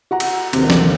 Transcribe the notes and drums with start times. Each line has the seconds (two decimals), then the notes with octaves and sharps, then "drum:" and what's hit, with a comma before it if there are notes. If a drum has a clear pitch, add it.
0.11 F#4 F#5 A#5
0.20 drum: cymbal
0.53 G1 D#2 C3, drum: cymbal
0.70 drum: snare